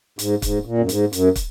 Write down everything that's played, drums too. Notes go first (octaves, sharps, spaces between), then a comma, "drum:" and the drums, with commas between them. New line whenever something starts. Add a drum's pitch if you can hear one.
G#2, drum: hi-hat
G#2, drum: kick, hi-hat
A#2
F#2
G#2, drum: hi-hat
F#2, drum: hi-hat
drum: kick, hi-hat